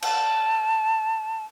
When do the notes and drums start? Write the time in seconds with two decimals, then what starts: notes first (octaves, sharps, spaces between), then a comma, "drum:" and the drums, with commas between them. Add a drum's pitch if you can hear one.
0.02 A5, drum: cymbal